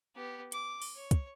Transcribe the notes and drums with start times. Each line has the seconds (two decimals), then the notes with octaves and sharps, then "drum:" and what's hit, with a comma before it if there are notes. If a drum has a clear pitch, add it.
0.15 B3 G4
0.52 D6, drum: hi-hat
0.82 drum: open hi-hat
0.96 C#5
1.11 drum: kick, hi-hat